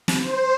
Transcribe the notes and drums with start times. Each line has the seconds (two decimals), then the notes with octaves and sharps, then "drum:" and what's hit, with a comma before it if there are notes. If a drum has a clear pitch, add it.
0.08 drum: snare
0.22 C5